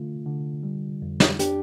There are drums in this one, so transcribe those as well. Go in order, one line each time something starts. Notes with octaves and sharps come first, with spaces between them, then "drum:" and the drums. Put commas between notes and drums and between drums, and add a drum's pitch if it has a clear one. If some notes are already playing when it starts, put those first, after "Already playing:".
Already playing: D3 A3 F4
D3
G3
F2
drum: snare
D4 G4, drum: hi-hat